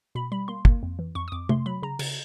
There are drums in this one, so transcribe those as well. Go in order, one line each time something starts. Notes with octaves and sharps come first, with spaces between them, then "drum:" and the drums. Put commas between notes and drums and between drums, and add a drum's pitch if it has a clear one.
B2 B5
G3 B5
A#3 C6
A#3, drum: kick
F2
E3
F2 C#6
D#6
F2 D6
A3 C6, drum: tom C3
F#3 B5
C#3 A#5
C#3, drum: cymbal